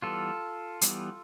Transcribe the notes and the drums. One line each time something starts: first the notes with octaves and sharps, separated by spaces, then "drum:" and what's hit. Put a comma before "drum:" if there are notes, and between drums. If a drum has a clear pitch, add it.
E3 G3 B3 F4 A4
E3 G3 B3, drum: hi-hat